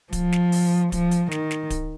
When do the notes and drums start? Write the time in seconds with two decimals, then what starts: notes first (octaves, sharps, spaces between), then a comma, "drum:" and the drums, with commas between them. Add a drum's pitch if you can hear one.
0.13 F3, drum: kick D1, hi-hat
0.32 drum: snare
0.52 drum: open hi-hat
0.92 F3, drum: kick D1, hi-hat
1.11 drum: hi-hat
1.31 D#3, drum: snare
1.51 drum: snare
1.70 drum: kick D1, hi-hat